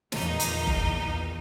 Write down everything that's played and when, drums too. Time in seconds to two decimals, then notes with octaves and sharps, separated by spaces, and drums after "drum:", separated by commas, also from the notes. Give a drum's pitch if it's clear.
0.12 E2 A#2 D#3 D#4, drum: snare
0.40 drum: hi-hat
0.67 drum: kick F#1